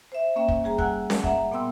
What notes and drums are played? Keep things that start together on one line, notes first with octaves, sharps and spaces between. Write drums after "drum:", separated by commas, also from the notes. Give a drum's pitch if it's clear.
C5 E5
A#3 C#4 E5 G5
drum: kick
G3 G#4 A#5
F#5 G#5 E6 F#6, drum: kick
drum: snare C#4
E5 F#5 A#5, drum: kick
A#2 B3 G5 C6 E6